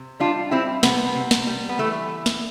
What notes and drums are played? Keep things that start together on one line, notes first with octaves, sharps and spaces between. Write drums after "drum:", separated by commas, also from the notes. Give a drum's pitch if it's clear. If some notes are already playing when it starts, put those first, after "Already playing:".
Already playing: C3
G3 D4 F4
G3 C4 E4
C3 B3, drum: snare
C3
drum: snare
G3
B3
E3 A3
drum: snare